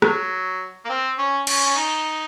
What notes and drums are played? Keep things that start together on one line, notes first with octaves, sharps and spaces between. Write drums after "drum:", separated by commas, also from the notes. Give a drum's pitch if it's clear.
F#3, drum: rim click
A#3
C4
C#4
C#4, drum: cymbal
C#4
D#4